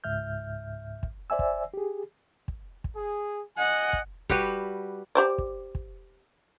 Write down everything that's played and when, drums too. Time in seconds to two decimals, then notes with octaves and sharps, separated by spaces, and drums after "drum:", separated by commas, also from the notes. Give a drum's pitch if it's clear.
0.04 C#2 G#2 E5 F6 G6
1.03 drum: kick
1.30 C5 D5 E5 G#5 E6
1.39 drum: kick
1.74 G4 G#4
2.48 drum: kick
2.84 drum: kick
2.95 G#4
3.58 D#5 F#5 G#5
3.93 drum: kick
4.29 G3 F#4 G4 B4, drum: kick
5.15 G4 C5 D5
5.38 drum: kick
5.75 drum: kick